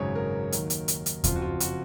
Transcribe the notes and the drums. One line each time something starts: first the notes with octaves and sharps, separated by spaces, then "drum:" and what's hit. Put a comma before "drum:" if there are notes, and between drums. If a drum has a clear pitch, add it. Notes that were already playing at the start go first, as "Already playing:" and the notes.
Already playing: G#1 F#2 C#3 G#3 C#5
A#4
D#2 D#3 F#3, drum: hi-hat
drum: hi-hat
drum: hi-hat
drum: hi-hat
F#1 F2 F3 F4, drum: kick D#2, hi-hat
F#4
F4
F#4, drum: hi-hat